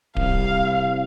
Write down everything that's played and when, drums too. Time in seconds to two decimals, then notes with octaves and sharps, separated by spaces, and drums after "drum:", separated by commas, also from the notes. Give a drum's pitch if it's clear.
0.16 C2 F5, drum: kick D1